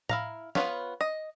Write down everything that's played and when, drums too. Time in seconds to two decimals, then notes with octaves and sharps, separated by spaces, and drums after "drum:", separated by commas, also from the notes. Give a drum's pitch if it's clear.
0.09 E4 F5 A#5, drum: tom A2
0.55 B3 F4 B4 C#5 F5, drum: snare
1.01 D#5